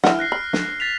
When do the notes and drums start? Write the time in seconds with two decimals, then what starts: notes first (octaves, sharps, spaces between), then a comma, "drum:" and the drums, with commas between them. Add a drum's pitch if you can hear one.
0.04 E3 F#5 F6, drum: snare
0.19 F#6 A#6 C7
0.32 B5 F6
0.53 drum: snare
0.80 A6 B6 F7